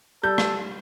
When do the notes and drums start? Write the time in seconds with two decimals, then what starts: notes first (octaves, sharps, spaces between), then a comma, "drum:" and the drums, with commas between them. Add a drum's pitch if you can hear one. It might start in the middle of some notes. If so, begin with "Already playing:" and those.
0.23 G3 A4 G6
0.38 drum: rim click